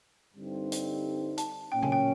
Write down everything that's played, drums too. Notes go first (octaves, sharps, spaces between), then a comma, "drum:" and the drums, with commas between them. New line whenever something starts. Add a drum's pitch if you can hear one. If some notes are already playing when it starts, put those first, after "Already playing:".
G2 D3 G3 C4 D#4
drum: hi-hat
A5, drum: hi-hat
A#2 F#3 A#3 C#4 G5
G#5, drum: tom B2
G5